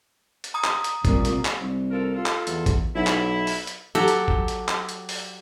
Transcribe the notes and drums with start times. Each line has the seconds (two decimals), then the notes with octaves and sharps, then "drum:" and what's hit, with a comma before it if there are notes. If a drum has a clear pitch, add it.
0.44 drum: hi-hat
0.54 A#5 D#6
0.64 drum: clap
0.84 drum: hi-hat
1.05 C2 A#2, drum: kick G#1, hi-hat
1.25 drum: hi-hat
1.45 drum: clap
1.61 C2
1.91 F3 A4 A#4
2.14 F4 A4
2.26 drum: clap
2.47 E2, drum: hi-hat
2.66 drum: kick G#1, hi-hat
2.95 B1 E4
3.07 drum: clap
3.47 drum: open hi-hat
3.67 drum: hi-hat
3.95 F#3 G4 A4 F#5
4.08 drum: hi-hat
4.28 drum: kick G#1
4.48 drum: hi-hat
4.68 drum: clap
4.89 drum: hi-hat
5.09 drum: open hi-hat